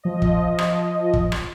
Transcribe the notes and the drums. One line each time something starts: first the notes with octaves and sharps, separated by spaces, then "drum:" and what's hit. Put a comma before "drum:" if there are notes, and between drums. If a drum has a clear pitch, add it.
F3 D#5
drum: kick
drum: rim click
drum: kick
drum: rim click